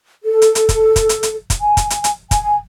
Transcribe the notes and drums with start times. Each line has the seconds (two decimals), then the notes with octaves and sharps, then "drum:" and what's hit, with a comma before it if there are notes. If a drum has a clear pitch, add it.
0.24 A4
0.42 drum: hi-hat
0.55 drum: hi-hat
0.69 drum: kick, hi-hat
0.96 drum: kick, hi-hat
1.09 drum: hi-hat
1.23 drum: hi-hat
1.50 drum: kick, hi-hat
1.60 G#5
1.77 drum: kick, hi-hat
1.90 drum: hi-hat
2.04 drum: hi-hat
2.31 G#5, drum: kick, hi-hat